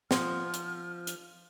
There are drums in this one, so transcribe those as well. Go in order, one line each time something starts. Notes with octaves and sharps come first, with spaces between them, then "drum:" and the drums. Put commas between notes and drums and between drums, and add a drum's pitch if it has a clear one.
F3 F#5 C6 D#6 F6, drum: snare
drum: hi-hat
drum: hi-hat